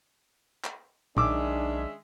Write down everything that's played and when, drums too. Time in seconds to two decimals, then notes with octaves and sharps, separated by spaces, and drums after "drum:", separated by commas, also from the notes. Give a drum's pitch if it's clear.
0.64 drum: clap
1.17 B1 D#3 G#3 C#4 D4 E5 D6 E6, drum: tom A#2